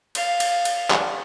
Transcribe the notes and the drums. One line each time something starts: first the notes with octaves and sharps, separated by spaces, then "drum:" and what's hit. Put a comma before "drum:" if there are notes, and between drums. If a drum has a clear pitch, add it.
F5, drum: cymbal
drum: cymbal
drum: cymbal
drum: clap